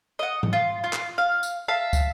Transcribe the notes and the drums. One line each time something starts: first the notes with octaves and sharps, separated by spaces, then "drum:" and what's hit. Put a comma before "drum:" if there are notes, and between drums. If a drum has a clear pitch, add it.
D#5 F#5
drum: tom G#2
F4
F4
drum: clap
F5
drum: tambourine
E5 F5 A5
drum: kick, tambourine